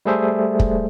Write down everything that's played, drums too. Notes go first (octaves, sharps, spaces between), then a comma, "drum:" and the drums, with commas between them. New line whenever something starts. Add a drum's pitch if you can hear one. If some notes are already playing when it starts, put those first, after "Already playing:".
G3 A3 G#4 A4 C5 E5
drum: kick